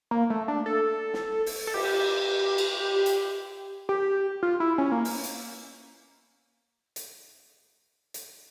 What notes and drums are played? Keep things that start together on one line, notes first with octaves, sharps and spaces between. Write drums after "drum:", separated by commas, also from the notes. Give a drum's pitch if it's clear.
A#3
A3
D4
A4
drum: snare
drum: open hi-hat
A4
G4, drum: cymbal
drum: cymbal
drum: hi-hat
G4
F4
E4
C#4
A#3
drum: open hi-hat
drum: hi-hat
drum: hi-hat
drum: hi-hat